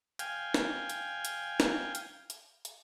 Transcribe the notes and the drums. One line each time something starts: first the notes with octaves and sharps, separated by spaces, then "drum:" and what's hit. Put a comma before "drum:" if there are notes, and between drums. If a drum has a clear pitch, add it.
F5 G5 G#5, drum: hi-hat
drum: snare
drum: hi-hat
drum: hi-hat
drum: snare
drum: hi-hat
drum: hi-hat
drum: hi-hat